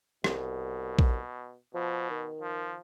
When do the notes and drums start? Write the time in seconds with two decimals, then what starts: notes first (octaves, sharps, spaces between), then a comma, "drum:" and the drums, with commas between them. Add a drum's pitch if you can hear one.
0.24 C2 B2, drum: rim click
0.99 drum: kick
1.74 B2 F3
2.10 D#3
2.41 F3